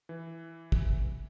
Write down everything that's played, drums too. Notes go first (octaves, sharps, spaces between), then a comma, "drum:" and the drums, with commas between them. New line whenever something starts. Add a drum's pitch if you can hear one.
E3
B1 C3, drum: kick